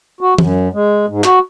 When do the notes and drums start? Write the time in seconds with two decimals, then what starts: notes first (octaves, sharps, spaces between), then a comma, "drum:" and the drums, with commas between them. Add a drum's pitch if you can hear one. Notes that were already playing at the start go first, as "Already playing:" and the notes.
0.21 F#4
0.38 F#2, drum: tom
0.73 G#3
1.08 G#2
1.24 F#4, drum: clap